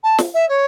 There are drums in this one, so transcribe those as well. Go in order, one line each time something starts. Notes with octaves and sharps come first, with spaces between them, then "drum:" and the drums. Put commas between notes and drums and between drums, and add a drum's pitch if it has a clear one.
A5
drum: snare
E5
C#5